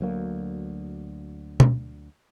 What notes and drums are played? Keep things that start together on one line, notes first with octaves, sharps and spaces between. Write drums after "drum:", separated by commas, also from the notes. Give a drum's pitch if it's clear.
D2 F#3 A#3
drum: tom B2